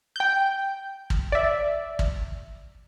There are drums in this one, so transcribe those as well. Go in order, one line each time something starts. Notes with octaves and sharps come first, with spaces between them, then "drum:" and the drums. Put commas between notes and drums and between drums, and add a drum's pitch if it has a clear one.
G5 G6
drum: kick
D5 E5
drum: kick